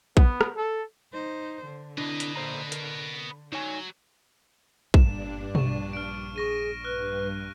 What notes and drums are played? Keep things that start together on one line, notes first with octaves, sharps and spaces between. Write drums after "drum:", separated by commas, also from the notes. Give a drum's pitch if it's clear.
B3, drum: kick A#1
drum: rim click
A4
D#4 C5
D3
D4 E4 B4 D#5
drum: hi-hat
A#2 C5 A#5
A#4, drum: hi-hat
F#3 D#4 C#5 G#5
G1 G2 A#2 D4 E7, drum: kick A#1
A#1 C#6 E7, drum: tom B2
F6 D7
G#4 C#6 A#6 D#7
G2 B4 F6 F#6